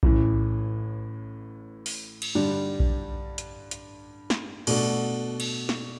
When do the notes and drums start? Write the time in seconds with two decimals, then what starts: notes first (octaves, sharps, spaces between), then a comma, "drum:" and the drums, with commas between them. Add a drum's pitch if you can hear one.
0.03 A1 A2 E3, drum: kick A#1
1.86 drum: open hi-hat
2.22 drum: cymbal
2.35 G2 D3 G3
2.80 drum: kick A#1
3.38 drum: hi-hat
3.71 drum: hi-hat
4.30 drum: snare
4.67 B2 A3 D4 F#4 A4, drum: cymbal
5.40 drum: cymbal
5.69 drum: snare